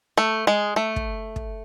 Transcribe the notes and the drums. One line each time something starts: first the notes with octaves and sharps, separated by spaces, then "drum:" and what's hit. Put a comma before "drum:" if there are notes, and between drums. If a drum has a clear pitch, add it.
A3
G#3
A3
drum: kick
drum: kick